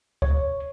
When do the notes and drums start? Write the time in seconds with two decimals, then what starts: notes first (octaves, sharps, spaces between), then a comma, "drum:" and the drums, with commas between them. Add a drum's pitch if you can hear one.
0.22 C#5, drum: kick C#2